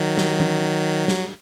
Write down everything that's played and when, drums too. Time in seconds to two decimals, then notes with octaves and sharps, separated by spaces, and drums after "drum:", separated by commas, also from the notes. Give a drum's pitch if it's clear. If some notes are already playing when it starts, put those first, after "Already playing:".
Already playing: D#3 F#3
0.18 drum: snare
0.40 drum: tom E3
1.08 drum: snare